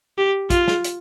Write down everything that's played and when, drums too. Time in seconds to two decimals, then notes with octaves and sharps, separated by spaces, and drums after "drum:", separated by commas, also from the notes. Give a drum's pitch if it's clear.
0.18 G4
0.50 F4, drum: kick, hi-hat
0.68 drum: snare
0.84 drum: hi-hat